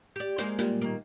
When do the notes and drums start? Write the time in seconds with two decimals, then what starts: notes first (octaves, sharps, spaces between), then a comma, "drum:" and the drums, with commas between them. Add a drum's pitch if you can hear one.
0.16 G4 D5
0.38 G#3 A#3 C5, drum: hi-hat
0.59 A#2 G3, drum: hi-hat
0.81 D#3 A#3